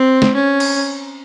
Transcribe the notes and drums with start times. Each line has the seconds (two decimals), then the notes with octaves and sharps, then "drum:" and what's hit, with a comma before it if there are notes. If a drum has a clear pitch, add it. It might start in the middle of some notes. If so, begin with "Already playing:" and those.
Already playing: C4
0.22 drum: snare
0.35 C#4
0.60 drum: cymbal